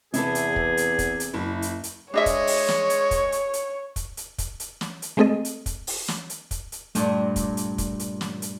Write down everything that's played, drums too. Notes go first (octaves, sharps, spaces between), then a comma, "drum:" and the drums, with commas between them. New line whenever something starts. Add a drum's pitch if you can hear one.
E2 C3 G#4 A4 B4 E5, drum: hi-hat
drum: hi-hat
drum: kick
drum: hi-hat
drum: kick, hi-hat
drum: hi-hat
F#1 E4
drum: hi-hat
drum: hi-hat
G#3 D4 C#5 D#5 E5
drum: kick, hi-hat
drum: open hi-hat
drum: snare
drum: hi-hat
drum: kick, hi-hat
drum: hi-hat
drum: hi-hat
drum: kick, hi-hat
drum: hi-hat
drum: kick, hi-hat
drum: hi-hat
drum: snare
drum: hi-hat
G#3 A3 C4 G#4 A4 D#5
drum: hi-hat
drum: kick, hi-hat
drum: open hi-hat
drum: snare
drum: hi-hat
drum: kick, hi-hat
drum: hi-hat
G2 A#2 A3, drum: hi-hat
drum: kick, hi-hat
drum: hi-hat
drum: kick, hi-hat
drum: hi-hat
drum: snare
drum: hi-hat